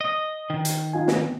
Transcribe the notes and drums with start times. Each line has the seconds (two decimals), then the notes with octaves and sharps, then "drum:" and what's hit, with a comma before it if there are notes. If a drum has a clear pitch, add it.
0.01 D#5
0.50 D#3
0.65 drum: hi-hat
0.93 D#4 F4 G#5
1.08 drum: snare
1.21 B3